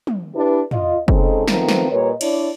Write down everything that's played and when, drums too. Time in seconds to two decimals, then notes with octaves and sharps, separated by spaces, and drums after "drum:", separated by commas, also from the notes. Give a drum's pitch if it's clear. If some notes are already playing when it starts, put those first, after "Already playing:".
0.07 drum: tom
0.34 D4 E4 G4 B4
0.71 F4 D#5, drum: tom
1.08 C#3 G#3 C4 D#4 A4, drum: kick
1.48 D#3 F3 A3 B3 C4, drum: snare
1.68 drum: snare
1.90 A#2 G3 A#4 B4 C#5 D#5
2.21 D4 E4 C#5 D5, drum: cymbal